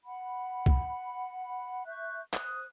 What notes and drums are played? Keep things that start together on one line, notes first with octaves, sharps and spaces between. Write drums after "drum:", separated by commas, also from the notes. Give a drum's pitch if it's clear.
F#5 B5
drum: kick
E5 C#6 F#6 G6
C5 D#6 F#6, drum: clap